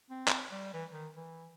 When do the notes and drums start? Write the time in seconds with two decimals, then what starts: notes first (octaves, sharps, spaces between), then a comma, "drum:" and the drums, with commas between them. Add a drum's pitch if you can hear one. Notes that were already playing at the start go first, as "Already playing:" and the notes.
0.10 C4
0.28 drum: clap
0.52 G3
0.74 E3
0.92 D#3
1.16 E3